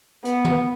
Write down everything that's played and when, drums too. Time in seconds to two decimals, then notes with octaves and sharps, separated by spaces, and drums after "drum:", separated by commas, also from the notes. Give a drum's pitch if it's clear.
0.25 B3, drum: hi-hat
0.45 drum: tom